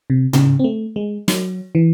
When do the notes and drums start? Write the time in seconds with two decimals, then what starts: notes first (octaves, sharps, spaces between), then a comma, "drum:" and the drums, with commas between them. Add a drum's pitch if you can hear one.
0.10 C3
0.33 C#3, drum: tom
0.59 C4
0.64 A3
0.96 G#3
1.28 F#3, drum: snare
1.75 E3